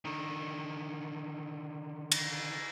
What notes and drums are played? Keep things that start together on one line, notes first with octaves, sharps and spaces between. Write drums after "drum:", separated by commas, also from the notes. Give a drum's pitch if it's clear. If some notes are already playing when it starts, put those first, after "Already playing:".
D3 D#3
drum: cymbal